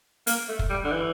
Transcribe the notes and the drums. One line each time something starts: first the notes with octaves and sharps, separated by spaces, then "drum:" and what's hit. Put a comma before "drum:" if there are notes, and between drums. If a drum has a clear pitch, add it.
A#3, drum: hi-hat
A3
drum: kick
G3
D3
E3